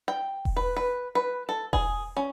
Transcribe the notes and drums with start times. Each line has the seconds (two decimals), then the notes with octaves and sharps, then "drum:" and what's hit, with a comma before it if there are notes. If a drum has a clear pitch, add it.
0.08 G5
0.45 drum: kick E1
0.56 B4
0.77 B4
1.15 B4
1.49 A4
1.73 G#4, drum: kick E1
2.17 C#4